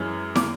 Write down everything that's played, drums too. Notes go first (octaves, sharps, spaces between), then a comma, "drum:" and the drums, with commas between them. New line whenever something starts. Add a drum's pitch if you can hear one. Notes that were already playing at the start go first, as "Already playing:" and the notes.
Already playing: F#2 E3 G#3 C#4
D6, drum: snare